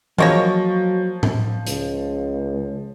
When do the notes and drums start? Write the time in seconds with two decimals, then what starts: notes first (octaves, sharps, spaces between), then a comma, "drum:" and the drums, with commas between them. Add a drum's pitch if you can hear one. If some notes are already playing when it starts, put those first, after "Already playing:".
0.18 F3 F#3 G#3 A#3 C#5 C#6 A#6, drum: tom E3
1.23 drum: tom A2
1.67 C#2, drum: hi-hat